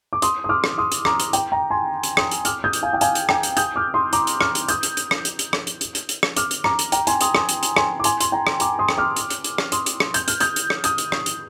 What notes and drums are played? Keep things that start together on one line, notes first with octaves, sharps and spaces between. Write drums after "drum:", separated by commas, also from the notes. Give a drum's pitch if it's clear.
D6
C6 D#6, drum: hi-hat
D#6
D6 F6
drum: rim click
C6 D#6
drum: hi-hat
A#5 D6, drum: rim click
drum: hi-hat
G5 A#5, drum: hi-hat
G5 A#5
G#5 C6
drum: hi-hat
C6 D#6, drum: rim click
drum: hi-hat
D6 F6, drum: hi-hat
D#6 G6
drum: hi-hat
F5 G#5
G5
F5 G#5, drum: hi-hat
drum: hi-hat
G5 A#5, drum: rim click
drum: hi-hat
D#6 G6, drum: hi-hat
D6 F6
C6 D#6
A#5 D6, drum: hi-hat
drum: hi-hat
D6 F6, drum: rim click
drum: hi-hat
D#6 G6, drum: hi-hat
drum: hi-hat
drum: hi-hat
drum: rim click
drum: hi-hat
drum: hi-hat
drum: rim click
drum: hi-hat
drum: hi-hat
drum: hi-hat
drum: hi-hat
drum: rim click
D6 F6, drum: hi-hat
drum: hi-hat
A#5 D6, drum: rim click
drum: hi-hat
G5 A#5, drum: hi-hat
G#5 C6, drum: hi-hat
C6 D#6, drum: hi-hat
C6 D#6, drum: rim click
drum: hi-hat
drum: hi-hat
G#5 C6, drum: rim click
D6
G#5 C6, drum: hi-hat
C6, drum: hi-hat
G5 A#5
drum: rim click
A#5 D6, drum: hi-hat
C6 D#6
drum: rim click
D6 F6
drum: hi-hat
drum: hi-hat
drum: hi-hat
drum: rim click
C6 D#6, drum: hi-hat
drum: hi-hat
drum: rim click
G6, drum: hi-hat
F6, drum: hi-hat
D#6 G6, drum: hi-hat
drum: hi-hat
drum: rim click
D#6 G6, drum: hi-hat
drum: hi-hat
drum: rim click
drum: hi-hat